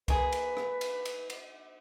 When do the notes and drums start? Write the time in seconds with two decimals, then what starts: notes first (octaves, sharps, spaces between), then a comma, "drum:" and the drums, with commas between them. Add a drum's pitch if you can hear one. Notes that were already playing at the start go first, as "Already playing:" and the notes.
0.08 A#3 G#4 B4, drum: kick C2, cymbal
0.32 drum: cymbal
0.57 drum: rim click
0.81 drum: cymbal
1.05 drum: cymbal
1.30 drum: cymbal